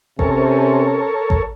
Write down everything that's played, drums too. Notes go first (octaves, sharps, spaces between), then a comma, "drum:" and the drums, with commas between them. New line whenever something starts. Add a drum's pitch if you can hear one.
C3 C#4 A4 A#4 C#5, drum: kick A1
drum: kick A1